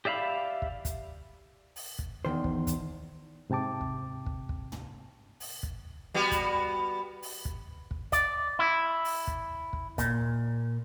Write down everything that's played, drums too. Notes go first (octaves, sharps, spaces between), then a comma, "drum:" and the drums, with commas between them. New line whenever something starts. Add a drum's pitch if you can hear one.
G4 D5 E5 F5 B5
drum: kick
drum: kick, hi-hat
drum: open hi-hat
drum: kick
E2 G2 D#3 C5
drum: kick
drum: kick, hi-hat
G#2 C3 G5 A5 D6
drum: kick
drum: kick
drum: kick
drum: tom
drum: open hi-hat
drum: kick
G3 B3 F#4
drum: kick, hi-hat
drum: open hi-hat
drum: kick
drum: kick
D5, drum: kick, hi-hat
E4
drum: open hi-hat
drum: kick
drum: kick
A#2, drum: kick, hi-hat